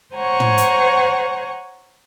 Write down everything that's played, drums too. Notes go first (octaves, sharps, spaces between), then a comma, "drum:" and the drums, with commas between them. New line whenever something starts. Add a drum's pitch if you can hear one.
C5 C#5 F#5 G#5 A#5 C#6
drum: tom
drum: hi-hat